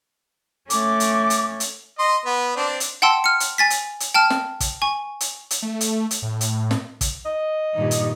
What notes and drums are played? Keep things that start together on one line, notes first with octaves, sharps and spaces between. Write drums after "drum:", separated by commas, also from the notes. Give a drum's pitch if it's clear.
A3 C#4 D6, drum: hi-hat
drum: hi-hat
drum: hi-hat
drum: hi-hat
D#5 C6
B3
C4 D4
drum: hi-hat
F#5 G5 A5 C6 E6
F6 C#7
drum: hi-hat
G#5 A6 B6
drum: hi-hat
drum: hi-hat
G5 A5 F6
drum: snare
drum: kick, hi-hat
G#5 C#6
drum: hi-hat
drum: hi-hat
A3
drum: hi-hat
drum: hi-hat
A2
drum: hi-hat
drum: snare
drum: kick, hi-hat
D#5
G2 A#2 D#3
drum: hi-hat